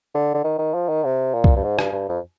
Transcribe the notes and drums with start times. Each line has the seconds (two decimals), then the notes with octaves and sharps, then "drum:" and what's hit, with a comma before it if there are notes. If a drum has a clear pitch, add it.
0.15 D3
0.34 D3
0.44 D#3
0.59 D#3
0.74 F3
0.89 D#3
1.04 C3
1.34 A#2
1.44 drum: kick
1.56 G2
1.64 G#2
1.79 G2, drum: rim click
1.93 G2
2.09 F2